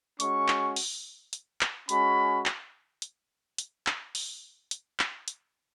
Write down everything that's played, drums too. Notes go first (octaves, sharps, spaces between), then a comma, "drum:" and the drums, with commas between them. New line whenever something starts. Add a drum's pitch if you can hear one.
G#3 C#4 F#4 C#6, drum: hi-hat
drum: clap
drum: open hi-hat
drum: hi-hat
drum: clap
G#3 C#4 F#4 B5, drum: hi-hat
drum: clap
drum: hi-hat
drum: hi-hat
drum: clap
drum: open hi-hat
drum: hi-hat
drum: clap
drum: hi-hat